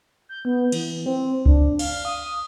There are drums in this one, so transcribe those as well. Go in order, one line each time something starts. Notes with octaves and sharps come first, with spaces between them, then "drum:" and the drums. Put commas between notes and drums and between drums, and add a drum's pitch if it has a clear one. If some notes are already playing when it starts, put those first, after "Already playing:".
G6
B3
E3, drum: cymbal
C4
D4, drum: kick C#2
F5, drum: cymbal
D#6